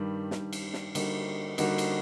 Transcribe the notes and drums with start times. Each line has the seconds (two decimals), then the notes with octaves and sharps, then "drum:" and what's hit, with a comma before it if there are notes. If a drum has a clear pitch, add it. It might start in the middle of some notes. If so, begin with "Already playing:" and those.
Already playing: G2 D#3 G3
0.31 G2 D#3 G3, drum: snare
0.53 drum: cymbal
0.74 drum: snare
0.95 D3 G3 A#3 D#4 F#4, drum: cymbal
1.58 D3 G3 A#3 D#4 F#4, drum: cymbal
1.78 drum: cymbal